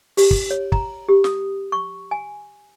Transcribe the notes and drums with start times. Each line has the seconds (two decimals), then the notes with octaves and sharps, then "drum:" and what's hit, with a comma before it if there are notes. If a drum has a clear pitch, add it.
0.17 G4, drum: open hi-hat
0.31 drum: kick
0.51 C#5
0.72 A#5, drum: kick
1.08 G4
1.24 D#6, drum: snare
1.72 C#6
2.11 G#5